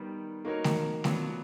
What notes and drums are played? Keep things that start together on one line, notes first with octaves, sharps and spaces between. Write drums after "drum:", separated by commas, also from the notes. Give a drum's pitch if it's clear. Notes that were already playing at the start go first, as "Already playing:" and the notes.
Already playing: D#3 G3 B3
A#3 D#4 F#4 A#4 C#5
drum: snare A3
F#3 B3 D4 F4, drum: snare A3